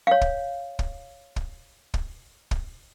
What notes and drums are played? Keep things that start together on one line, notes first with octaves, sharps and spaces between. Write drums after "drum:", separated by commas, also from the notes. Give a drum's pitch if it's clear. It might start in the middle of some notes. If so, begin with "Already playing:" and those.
C#5 F5
drum: kick
drum: kick
drum: kick
drum: kick
drum: kick